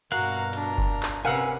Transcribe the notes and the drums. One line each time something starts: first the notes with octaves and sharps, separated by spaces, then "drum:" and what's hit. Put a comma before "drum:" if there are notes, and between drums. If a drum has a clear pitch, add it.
G2 B2 F#4 A#4 F5 A#5 F#6
D4 A#5, drum: hi-hat
drum: kick F#1
drum: clap
C3 C#4 A#4 B4 F5 F#5 G#5 E6